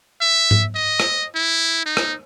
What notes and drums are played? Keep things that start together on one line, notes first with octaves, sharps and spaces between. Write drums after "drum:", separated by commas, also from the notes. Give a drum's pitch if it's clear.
E5
drum: tom G#2
D#5
drum: rim click
E4
D#4
drum: rim click